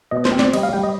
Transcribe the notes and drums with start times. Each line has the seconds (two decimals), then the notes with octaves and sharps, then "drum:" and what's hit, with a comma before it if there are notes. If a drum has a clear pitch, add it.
0.11 B2 D#5
0.25 C5, drum: snare
0.32 C4
0.39 D5, drum: snare
0.53 G3 D#5, drum: cymbal
0.63 F5
0.73 G3 G5
0.83 D#5